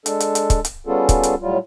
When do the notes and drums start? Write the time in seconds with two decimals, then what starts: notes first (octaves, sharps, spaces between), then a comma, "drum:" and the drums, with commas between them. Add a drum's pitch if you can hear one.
0.06 G#3 D4 A4, drum: hi-hat
0.20 drum: hi-hat
0.35 drum: hi-hat
0.50 drum: kick C#1, hi-hat
0.65 drum: hi-hat
0.87 G3 B3 C#4 F4 G#4 A4
1.09 drum: kick C#1, hi-hat
1.23 drum: hi-hat
1.41 A2 F#3 G3 F4